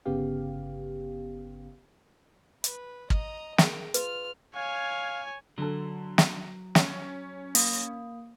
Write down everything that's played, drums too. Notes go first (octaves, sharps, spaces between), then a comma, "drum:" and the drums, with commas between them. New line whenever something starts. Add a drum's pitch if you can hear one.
G1 C#3 B3 G4 F5
B4, drum: hi-hat
D#5 A#5, drum: kick
G#4 A#4 G5, drum: snare
F4 B4 F6, drum: hi-hat
C#5 F5 G#5
D3 F#3 A4
drum: snare
C#4, drum: snare
A#3, drum: open hi-hat